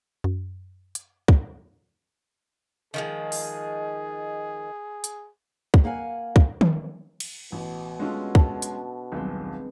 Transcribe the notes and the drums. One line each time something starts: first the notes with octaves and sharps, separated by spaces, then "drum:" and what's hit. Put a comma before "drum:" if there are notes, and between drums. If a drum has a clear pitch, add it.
F#2
drum: hi-hat
drum: kick
D#3 F3 G#3 G#4
drum: open hi-hat
drum: hi-hat
drum: kick
A#3 F5 F#5 G#5
drum: kick
drum: tom D#3
drum: cymbal
A1 B2
G#3 A3 C#4 D4 F4 F#4
A5, drum: kick
drum: hi-hat
D#1 B1 G#3 B3 C4